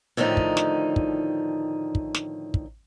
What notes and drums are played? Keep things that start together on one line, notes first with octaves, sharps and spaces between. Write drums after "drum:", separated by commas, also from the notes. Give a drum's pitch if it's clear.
A2 D3 D#3 F3 D#4
drum: kick
drum: snare
drum: kick
drum: kick
drum: snare
drum: kick